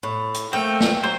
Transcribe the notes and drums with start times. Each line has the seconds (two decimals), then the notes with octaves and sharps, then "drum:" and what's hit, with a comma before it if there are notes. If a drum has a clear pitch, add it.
0.03 A2
0.34 drum: hi-hat
0.53 A3 A#3 C4 G5
0.80 drum: snare
1.03 F#3 C5